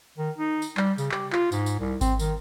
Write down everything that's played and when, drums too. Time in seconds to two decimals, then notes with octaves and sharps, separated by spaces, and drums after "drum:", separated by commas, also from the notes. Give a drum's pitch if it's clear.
0.18 D#3
0.38 D#4
0.62 drum: tambourine
0.77 G3, drum: clap
0.98 C#3, drum: tambourine
1.12 G4, drum: clap
1.32 F4, drum: clap
1.52 G#2, drum: tambourine
1.66 drum: tambourine
1.79 C2
2.01 C4, drum: kick G#1, tambourine
2.19 D#3, drum: tambourine